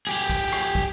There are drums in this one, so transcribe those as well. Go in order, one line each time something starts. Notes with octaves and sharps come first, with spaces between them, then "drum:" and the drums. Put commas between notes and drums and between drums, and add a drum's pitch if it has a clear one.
G4 G#4
drum: kick, hi-hat
drum: rim click
drum: kick, hi-hat